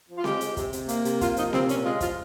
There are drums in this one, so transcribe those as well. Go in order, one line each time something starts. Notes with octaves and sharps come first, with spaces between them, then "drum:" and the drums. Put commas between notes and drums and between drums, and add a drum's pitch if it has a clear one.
F3
F4
G#3 G4, drum: snare C4
G#3, drum: hi-hat
C3, drum: kick, hi-hat
C3, drum: hi-hat
A#3, drum: hi-hat
C3, drum: hi-hat
A#3 F4, drum: kick, hi-hat
F3 D#4, drum: hi-hat
C3 C4, drum: snare C4
A#2 C#4, drum: hi-hat
G#3 F4
F3 F4, drum: kick, hi-hat